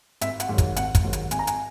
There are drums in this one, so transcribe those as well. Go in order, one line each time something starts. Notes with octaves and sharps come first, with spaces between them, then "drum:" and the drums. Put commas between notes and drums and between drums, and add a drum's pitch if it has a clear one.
G#1 E5, drum: hi-hat
F#5, drum: hi-hat
G#2 D#3 F#3
drum: kick, hi-hat
G#1 F#5, drum: hi-hat
drum: kick, hi-hat
G#2 D#3 F#3
drum: hi-hat
G#1 G#5, drum: hi-hat
A#5
G#5, drum: hi-hat